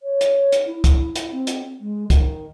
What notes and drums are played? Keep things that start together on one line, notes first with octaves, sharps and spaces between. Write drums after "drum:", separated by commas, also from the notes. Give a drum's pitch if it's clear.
C#5
drum: hi-hat
drum: hi-hat
E4
drum: kick, hi-hat
drum: hi-hat
C4
drum: hi-hat
G#3
D#3, drum: kick, hi-hat